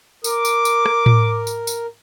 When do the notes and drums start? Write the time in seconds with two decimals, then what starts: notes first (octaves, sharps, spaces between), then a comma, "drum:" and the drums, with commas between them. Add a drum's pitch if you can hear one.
0.24 A#4 D6, drum: tambourine
0.45 drum: tambourine
0.65 drum: tambourine
0.86 drum: rim click
1.06 drum: tom A2
1.47 drum: tambourine
1.67 drum: tambourine